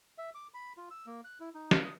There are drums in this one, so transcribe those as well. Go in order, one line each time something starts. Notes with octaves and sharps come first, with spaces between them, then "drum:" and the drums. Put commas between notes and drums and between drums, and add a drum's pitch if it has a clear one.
E5
D6
B5
F4
E6
A#3
F#6
E4
D#4
F5, drum: snare
D#6